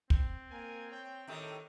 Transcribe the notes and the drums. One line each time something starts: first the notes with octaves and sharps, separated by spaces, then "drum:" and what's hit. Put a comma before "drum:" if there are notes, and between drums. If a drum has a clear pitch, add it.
C4, drum: kick
A#3 A#4 G#5
C#5 G5
A2 D#3 G4 A4 E5